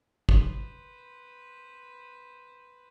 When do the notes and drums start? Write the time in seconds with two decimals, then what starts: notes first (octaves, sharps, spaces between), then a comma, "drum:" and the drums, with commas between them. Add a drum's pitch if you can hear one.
0.29 B4 C5, drum: kick